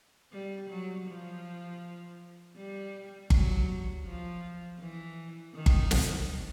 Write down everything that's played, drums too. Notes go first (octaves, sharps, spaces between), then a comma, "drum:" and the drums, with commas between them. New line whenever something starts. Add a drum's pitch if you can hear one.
G3
F#3
F3
G3
F#3, drum: kick G1
F3
E3
D#3
drum: kick G1
drum: snare